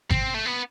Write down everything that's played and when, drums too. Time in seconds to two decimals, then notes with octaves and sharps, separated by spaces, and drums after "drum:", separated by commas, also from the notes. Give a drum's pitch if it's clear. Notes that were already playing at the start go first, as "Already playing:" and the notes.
0.10 C4, drum: kick G#1
0.34 A3
0.46 B3